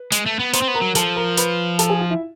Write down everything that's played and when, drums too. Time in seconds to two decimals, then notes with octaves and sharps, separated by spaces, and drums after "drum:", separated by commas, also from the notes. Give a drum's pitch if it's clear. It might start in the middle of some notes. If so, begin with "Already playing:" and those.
Already playing: B4
0.12 G#3, drum: hi-hat
0.26 A3
0.40 B3
0.53 B3 C5 C6, drum: hi-hat
0.62 C4
0.68 B3
0.74 A#4 A#5
0.82 F#3
0.95 F3 A4 A5, drum: hi-hat
1.16 A#4 A#5
1.37 B4 B5, drum: hi-hat
1.79 A4 A5, drum: hi-hat
1.89 G#4 G#5
2.00 F4 F5
2.10 E4 E5